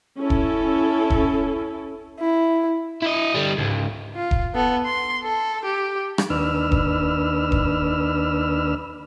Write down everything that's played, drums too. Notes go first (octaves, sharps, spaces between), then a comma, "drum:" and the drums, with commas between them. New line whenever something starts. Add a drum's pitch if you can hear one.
C#4 E4 A4
drum: kick E1
drum: kick E1
E4
E4 D#5
D3 G3
C#2 G#2
F4
drum: kick E1
B3 A4
C6
A4
G4
drum: rim click
D#2 D4 B4 E6 F6
drum: kick E1
drum: kick E1